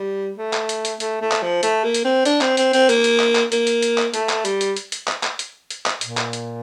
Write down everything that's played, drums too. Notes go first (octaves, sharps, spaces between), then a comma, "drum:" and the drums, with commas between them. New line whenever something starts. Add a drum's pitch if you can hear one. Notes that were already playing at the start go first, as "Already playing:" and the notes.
Already playing: G3
A3
drum: clap
drum: hi-hat
drum: hi-hat
A3, drum: hi-hat
A3
drum: clap
F3
A3, drum: hi-hat
A#3
drum: hi-hat
C4
D4, drum: hi-hat
C4, drum: clap
C4, drum: hi-hat
C4, drum: hi-hat
A#3, drum: hi-hat
drum: hi-hat
drum: clap
drum: clap
A#3, drum: hi-hat
drum: hi-hat
drum: hi-hat
drum: clap
A3, drum: hi-hat
drum: clap
G3, drum: hi-hat
drum: hi-hat
drum: hi-hat
drum: hi-hat
drum: clap
drum: clap
drum: hi-hat
drum: hi-hat
drum: clap
A#2, drum: hi-hat
drum: clap
drum: hi-hat